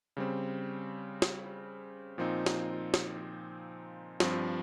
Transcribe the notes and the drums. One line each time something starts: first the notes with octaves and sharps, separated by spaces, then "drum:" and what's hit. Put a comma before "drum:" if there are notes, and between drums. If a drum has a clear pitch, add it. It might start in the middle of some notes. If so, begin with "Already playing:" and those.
C#3 G3 C4
drum: snare
A#2 F3 C4 D#4
drum: snare
drum: snare
G2 F3 C4, drum: snare